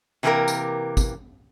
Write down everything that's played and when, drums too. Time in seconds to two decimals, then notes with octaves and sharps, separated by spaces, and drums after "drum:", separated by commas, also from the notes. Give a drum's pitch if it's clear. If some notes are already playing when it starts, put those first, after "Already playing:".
0.23 C3 E3 A#3 B3 G4 A#4
0.48 drum: tambourine
0.97 drum: kick, tambourine